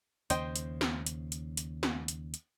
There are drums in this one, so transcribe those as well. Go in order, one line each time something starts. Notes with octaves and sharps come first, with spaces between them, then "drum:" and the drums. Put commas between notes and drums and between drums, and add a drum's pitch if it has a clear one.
D#2 C#3 C5 D#5 G5, drum: hi-hat
drum: hi-hat
drum: snare
drum: hi-hat
drum: hi-hat
drum: hi-hat
drum: snare
drum: hi-hat
drum: hi-hat